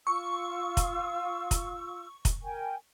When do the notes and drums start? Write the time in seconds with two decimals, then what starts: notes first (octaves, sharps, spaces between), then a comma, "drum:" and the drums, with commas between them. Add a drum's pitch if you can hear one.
0.07 F4 C#6 E6
0.77 drum: kick, hi-hat
1.51 drum: kick, hi-hat
2.25 drum: kick, hi-hat
2.43 A#4 G5 G#5